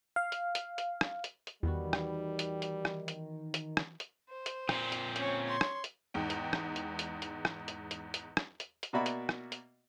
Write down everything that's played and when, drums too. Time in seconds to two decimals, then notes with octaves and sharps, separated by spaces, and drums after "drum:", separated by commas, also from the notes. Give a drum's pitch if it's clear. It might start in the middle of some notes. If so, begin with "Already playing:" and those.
0.16 F5
0.32 drum: hi-hat
0.55 drum: hi-hat
0.78 drum: hi-hat
1.01 drum: rim click
1.24 drum: hi-hat
1.47 drum: hi-hat
1.63 E2 D#3 E3 G3 B3 F#4
1.93 drum: rim click
2.39 drum: hi-hat
2.62 drum: hi-hat
2.85 drum: rim click
3.08 drum: hi-hat
3.54 drum: hi-hat
3.77 drum: rim click
4.00 drum: hi-hat
4.29 C5
4.46 drum: hi-hat
4.69 A#2 C4, drum: rim click
4.92 drum: hi-hat
5.16 C#4 C#5, drum: hi-hat
5.45 C#5 C6
5.61 drum: rim click
5.84 drum: hi-hat
6.14 E2 G#2 G5
6.30 drum: hi-hat
6.53 drum: rim click
6.76 drum: hi-hat
6.99 drum: hi-hat
7.22 drum: hi-hat
7.45 drum: rim click
7.68 drum: hi-hat
7.91 drum: hi-hat
8.14 drum: hi-hat
8.37 drum: rim click
8.60 drum: hi-hat
8.83 drum: hi-hat
8.93 B2 A#3 F#4 D5 E5 B5
9.06 drum: hi-hat
9.29 drum: rim click
9.52 drum: hi-hat